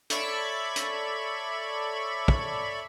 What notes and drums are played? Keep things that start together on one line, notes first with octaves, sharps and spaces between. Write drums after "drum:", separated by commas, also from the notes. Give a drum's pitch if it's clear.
A4 C#5 D5 E5 B5 C#6, drum: hi-hat
drum: hi-hat
drum: kick